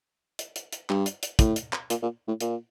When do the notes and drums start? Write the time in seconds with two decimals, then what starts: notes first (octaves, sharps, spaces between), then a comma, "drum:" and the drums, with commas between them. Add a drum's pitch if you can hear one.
0.39 drum: hi-hat
0.56 drum: hi-hat
0.72 drum: hi-hat
0.90 G2, drum: clap
1.06 drum: hi-hat
1.23 drum: hi-hat
1.39 A2, drum: kick, hi-hat
1.56 drum: hi-hat
1.73 drum: clap
1.90 A#2, drum: hi-hat
2.02 A#2
2.28 A2
2.40 A#2, drum: hi-hat